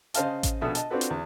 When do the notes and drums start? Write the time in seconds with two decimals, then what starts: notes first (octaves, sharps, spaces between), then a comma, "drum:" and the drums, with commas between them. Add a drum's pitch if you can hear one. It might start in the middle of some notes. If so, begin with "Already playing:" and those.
0.14 C#3 C5 D#5 F5 A5, drum: hi-hat
0.43 drum: kick A1, hi-hat
0.61 A#1 B2 A4 E5 D#6
0.75 D#5 A5, drum: hi-hat
0.90 C4 D4 F4 F#4 A4 B4
1.01 drum: hi-hat
1.10 E2